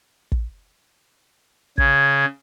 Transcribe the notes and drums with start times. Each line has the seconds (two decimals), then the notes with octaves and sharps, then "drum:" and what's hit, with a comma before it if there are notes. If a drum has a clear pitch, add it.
0.32 drum: kick
1.78 C#3 G#6, drum: kick